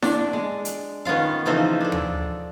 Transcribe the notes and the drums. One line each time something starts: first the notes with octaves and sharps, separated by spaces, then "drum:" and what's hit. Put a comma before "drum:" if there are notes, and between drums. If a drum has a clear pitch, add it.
D4, drum: snare E4
G#3
drum: hi-hat
D#3 B3 C#4 F4 F5
C#3 E3 F3 D#4 A4 C5
D4 A4
drum: tom D2